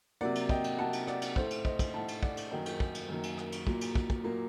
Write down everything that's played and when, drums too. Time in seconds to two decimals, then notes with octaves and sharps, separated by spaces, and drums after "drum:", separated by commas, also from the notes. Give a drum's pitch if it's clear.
0.21 C3 F#3 A#3 D5 F#5
0.35 drum: cymbal
0.49 D#5 G5, drum: kick
0.64 drum: cymbal
0.78 C3 F#3 A#3 F#5 A5
0.93 drum: cymbal
1.07 D5 F#5, drum: rim click
1.22 drum: cymbal
1.36 A2 A3 A4 C5, drum: kick
1.51 drum: cymbal
1.65 C5 D#5, drum: kick
1.79 drum: kick, cymbal
1.94 A2 A3 F#5 A5
2.08 drum: cymbal
2.23 D5 F#5, drum: kick
2.37 drum: cymbal
2.51 F#2 D#3 F#3 A#3 D#5 G5
2.66 drum: cymbal
2.80 drum: kick
2.95 drum: cymbal
3.08 F#2 D#3 F#3 A#3
3.23 drum: cymbal
3.38 drum: rim click
3.52 drum: cymbal
3.67 A#2 F#3 A#3, drum: kick
3.81 drum: cymbal
3.95 drum: kick
4.10 drum: kick
4.24 A#2 F#3 A#3